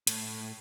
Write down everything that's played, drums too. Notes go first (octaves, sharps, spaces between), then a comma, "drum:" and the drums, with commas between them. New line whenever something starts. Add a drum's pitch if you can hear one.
A2, drum: hi-hat